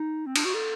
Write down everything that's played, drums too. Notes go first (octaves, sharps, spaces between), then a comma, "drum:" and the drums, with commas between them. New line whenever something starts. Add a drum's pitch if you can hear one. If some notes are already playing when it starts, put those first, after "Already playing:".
Already playing: D#4
C4
D4, drum: cymbal
F#4
A4